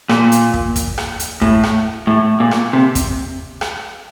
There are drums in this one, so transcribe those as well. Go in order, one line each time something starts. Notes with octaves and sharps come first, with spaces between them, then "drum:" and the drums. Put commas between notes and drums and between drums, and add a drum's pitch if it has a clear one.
A#2, drum: rim click
drum: hi-hat
drum: kick
drum: kick, hi-hat
drum: rim click
drum: hi-hat
A2, drum: kick
drum: rim click
A2
A#2
drum: rim click
C3
drum: kick, hi-hat
drum: rim click